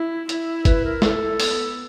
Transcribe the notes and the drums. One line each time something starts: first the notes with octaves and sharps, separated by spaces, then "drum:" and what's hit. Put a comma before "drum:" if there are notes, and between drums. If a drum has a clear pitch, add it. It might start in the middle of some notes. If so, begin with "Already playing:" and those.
Already playing: E4
E4, drum: hi-hat
B4, drum: kick, hi-hat
A#4
E4 A4, drum: snare
B3, drum: open hi-hat